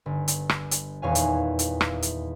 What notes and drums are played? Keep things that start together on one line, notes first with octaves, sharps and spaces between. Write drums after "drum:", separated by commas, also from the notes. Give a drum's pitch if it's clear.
G1
drum: hi-hat
drum: rim click
drum: hi-hat
D#1 E2 C#5 F5 G#5
drum: hi-hat
drum: hi-hat
drum: rim click
drum: hi-hat